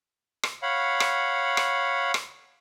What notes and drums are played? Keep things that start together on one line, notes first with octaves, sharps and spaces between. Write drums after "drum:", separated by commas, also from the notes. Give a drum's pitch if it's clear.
drum: rim click
C#5 F5 F#5 B5
drum: rim click
drum: rim click
drum: rim click